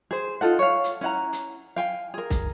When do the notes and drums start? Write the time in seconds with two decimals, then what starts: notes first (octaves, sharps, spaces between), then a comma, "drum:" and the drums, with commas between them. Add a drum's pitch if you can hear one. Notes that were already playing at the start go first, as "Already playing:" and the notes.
0.11 G#4 C5
0.41 D#4 F4 A4 F#5
0.59 C#5 F5
0.84 drum: hi-hat
1.01 C#4 E4 F#5 A#5
1.33 drum: hi-hat
1.76 F5 G5 G#5
2.14 G#4 A#4
2.30 drum: kick C2, hi-hat